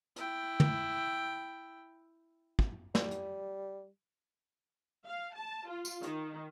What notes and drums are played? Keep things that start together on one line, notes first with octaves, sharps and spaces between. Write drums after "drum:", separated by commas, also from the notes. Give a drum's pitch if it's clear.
E4 G5, drum: hi-hat
drum: tom
drum: kick
G3, drum: snare
drum: hi-hat
F5
A5
F4
drum: tambourine
D#3, drum: hi-hat